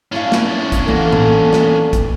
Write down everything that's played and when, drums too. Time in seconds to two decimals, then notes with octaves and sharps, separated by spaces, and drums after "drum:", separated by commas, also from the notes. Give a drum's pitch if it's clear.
0.12 C#4 D4 E4 E5 F5
0.32 drum: snare
0.72 drum: kick A#1, hi-hat
0.88 E3 A#3 A4 F#5
1.12 drum: tom A2
1.53 drum: snare
1.93 drum: kick A#1, hi-hat